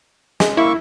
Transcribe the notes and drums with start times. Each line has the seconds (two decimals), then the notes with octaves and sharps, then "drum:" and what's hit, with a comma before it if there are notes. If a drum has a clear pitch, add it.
0.40 G#3, drum: snare
0.57 A#3 E4 C#6